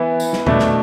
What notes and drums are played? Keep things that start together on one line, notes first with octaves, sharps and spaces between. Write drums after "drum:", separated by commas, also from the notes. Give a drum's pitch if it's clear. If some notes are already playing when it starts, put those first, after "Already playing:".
Already playing: E3 B3 E4
drum: tambourine
drum: snare
B2 A3 D4, drum: tom E2
drum: snare